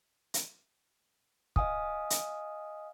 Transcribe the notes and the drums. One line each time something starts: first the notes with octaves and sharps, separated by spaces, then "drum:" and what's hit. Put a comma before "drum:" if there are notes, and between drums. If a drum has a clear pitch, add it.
drum: hi-hat
D#5 F5 G#5 D#6, drum: kick
drum: hi-hat